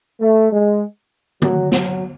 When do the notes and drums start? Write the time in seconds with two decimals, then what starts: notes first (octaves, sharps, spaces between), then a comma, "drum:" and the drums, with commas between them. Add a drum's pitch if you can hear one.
0.20 A3
0.51 G#3
1.42 F#3, drum: tom D3
1.72 F#3, drum: snare